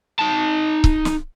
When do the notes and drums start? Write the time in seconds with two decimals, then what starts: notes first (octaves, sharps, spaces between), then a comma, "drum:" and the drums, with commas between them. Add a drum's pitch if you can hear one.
0.19 D#4 A5
0.84 drum: kick C#1
1.05 drum: snare